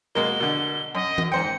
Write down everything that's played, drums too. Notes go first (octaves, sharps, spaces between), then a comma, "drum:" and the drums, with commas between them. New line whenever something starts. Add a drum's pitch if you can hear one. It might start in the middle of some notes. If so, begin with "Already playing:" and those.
B2 G#3 A#3 G7
B2 D3
F#2 D#5
drum: tom E3
G#2 C5 G5 C#7